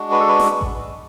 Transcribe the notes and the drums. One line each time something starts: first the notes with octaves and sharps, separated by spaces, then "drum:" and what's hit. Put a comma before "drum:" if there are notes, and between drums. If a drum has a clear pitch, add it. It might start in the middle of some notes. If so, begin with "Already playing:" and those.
Already playing: G#3 D4 F#4
B4
A4
B4
drum: snare
drum: kick A1